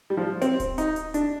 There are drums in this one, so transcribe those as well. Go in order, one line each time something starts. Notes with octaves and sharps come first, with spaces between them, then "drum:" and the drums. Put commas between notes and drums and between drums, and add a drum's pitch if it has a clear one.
G3
F3
C4, drum: hi-hat
drum: kick D1, hi-hat
D#4, drum: hi-hat
drum: hi-hat
D4, drum: hi-hat